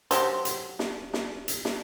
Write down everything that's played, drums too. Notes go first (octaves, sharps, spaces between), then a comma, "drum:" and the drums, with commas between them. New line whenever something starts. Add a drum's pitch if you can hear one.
F#3 G4 C5, drum: hi-hat
drum: hi-hat
drum: snare
drum: snare
drum: hi-hat
drum: snare